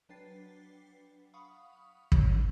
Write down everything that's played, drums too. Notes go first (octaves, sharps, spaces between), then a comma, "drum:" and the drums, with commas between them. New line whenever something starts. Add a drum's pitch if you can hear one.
F#3 D4 B4 G5 A6 C7
F5 F#5 B5 C#6 D#6
C4 D4 C#5, drum: kick